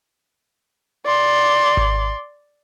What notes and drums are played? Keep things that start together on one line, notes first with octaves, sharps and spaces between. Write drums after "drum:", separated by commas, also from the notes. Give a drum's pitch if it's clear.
D5 C6
drum: kick G#1